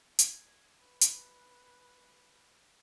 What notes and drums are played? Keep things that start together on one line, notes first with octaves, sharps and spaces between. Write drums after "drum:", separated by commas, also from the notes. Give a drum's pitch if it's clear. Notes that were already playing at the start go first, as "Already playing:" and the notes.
G#6, drum: hi-hat
B4
drum: hi-hat